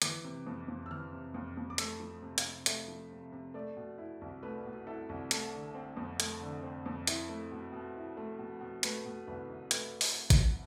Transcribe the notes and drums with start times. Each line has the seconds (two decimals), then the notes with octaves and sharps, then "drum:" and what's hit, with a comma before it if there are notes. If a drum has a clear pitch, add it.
0.02 E3 D6, drum: hi-hat
0.24 C3
0.46 F2
0.68 F2
0.86 E6
0.90 E3 F6
1.13 C3
1.34 F2
1.57 F2
1.70 D6
1.78 A3 E6, drum: hi-hat
2.00 F3
2.22 C3
2.38 F5, drum: hi-hat
2.45 C3
2.66 A3 E5, drum: hi-hat
2.88 F3
3.11 C3
3.32 C3
3.54 A3 D5
3.77 B2
3.98 E4
4.21 C2
4.43 A3 B4
4.65 B2
4.87 E4 A4
5.09 C2
5.31 A3 A4, drum: hi-hat
5.53 D3
5.74 C4
5.97 F2
6.20 A3, drum: hi-hat
6.42 D3
6.63 C4
6.86 F2
7.07 E4, drum: hi-hat
7.29 A3
7.52 B2
7.73 B2
7.96 E4
8.17 A3
8.39 B2
8.61 B2
8.83 A3 B4, drum: hi-hat
9.06 B2
9.27 C2 B4
9.50 C2
9.71 A3 B4, drum: hi-hat
10.01 drum: open hi-hat
10.30 drum: kick, hi-hat